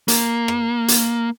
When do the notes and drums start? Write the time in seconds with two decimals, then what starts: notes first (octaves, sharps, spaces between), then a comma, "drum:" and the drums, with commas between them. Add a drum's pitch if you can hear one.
0.08 A#3, drum: hi-hat
0.48 drum: rim click
0.88 drum: hi-hat